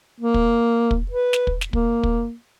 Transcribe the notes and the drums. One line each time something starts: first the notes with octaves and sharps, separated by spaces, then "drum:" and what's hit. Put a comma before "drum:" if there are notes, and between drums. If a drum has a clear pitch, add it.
A#3
drum: kick
drum: kick
B4
drum: snare
drum: kick
drum: snare
A#3, drum: kick
drum: kick